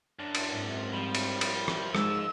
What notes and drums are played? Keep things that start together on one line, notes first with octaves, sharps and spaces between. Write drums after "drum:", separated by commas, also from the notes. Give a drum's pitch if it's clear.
F#2 D4
drum: cymbal
G#2 C4
F3 G3
drum: cymbal
drum: cymbal
drum: rim click
G#2 G#3 E6, drum: rim click